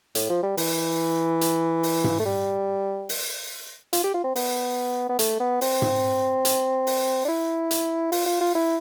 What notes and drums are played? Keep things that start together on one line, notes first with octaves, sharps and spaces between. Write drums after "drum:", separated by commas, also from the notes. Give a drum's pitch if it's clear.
A2, drum: hi-hat
F3
G3
E3, drum: open hi-hat
drum: hi-hat
drum: open hi-hat
drum: tom G#2
A3
G3
drum: open hi-hat
F4, drum: hi-hat
G4
F4
C4
B3, drum: open hi-hat
B3
A3, drum: hi-hat
B3
C4, drum: open hi-hat
drum: tom G#2
drum: hi-hat
drum: open hi-hat
D4
E4
drum: hi-hat
F4, drum: open hi-hat
F4
F4
E4